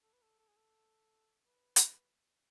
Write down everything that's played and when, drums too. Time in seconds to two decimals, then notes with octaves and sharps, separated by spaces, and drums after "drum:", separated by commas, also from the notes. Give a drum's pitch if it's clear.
0.03 A4
0.13 B4
0.22 A4
0.39 A4
0.48 G#4
0.56 A4
1.46 B4
1.76 drum: hi-hat